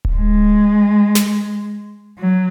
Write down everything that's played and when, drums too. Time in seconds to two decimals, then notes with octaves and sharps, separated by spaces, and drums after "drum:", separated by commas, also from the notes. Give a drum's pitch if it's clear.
0.05 drum: kick D1
0.16 G#3
1.15 drum: snare
2.18 F#3